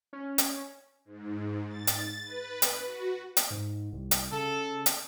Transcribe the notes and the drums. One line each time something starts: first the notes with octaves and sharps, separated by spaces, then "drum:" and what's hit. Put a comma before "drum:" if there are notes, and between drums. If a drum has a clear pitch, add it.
C#4
drum: hi-hat
G#2
A6
drum: hi-hat
B4
drum: hi-hat
F#4
drum: hi-hat
G#2
C2
drum: hi-hat
C#3 A4
drum: hi-hat